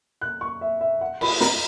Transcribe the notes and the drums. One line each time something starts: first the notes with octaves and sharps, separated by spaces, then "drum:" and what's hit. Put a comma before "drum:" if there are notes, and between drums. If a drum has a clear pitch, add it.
F#6
C#6
E5
E5
F#5
B5, drum: cymbal
A#5, drum: snare